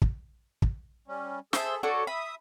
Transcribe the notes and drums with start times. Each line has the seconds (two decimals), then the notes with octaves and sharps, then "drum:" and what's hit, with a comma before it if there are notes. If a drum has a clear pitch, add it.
0.02 drum: kick
0.62 drum: kick
1.08 G3 C#4
1.53 G#4 A4 C5 E5, drum: snare
1.83 D4 F#4 A4 C#5
2.07 E5 B5 D#6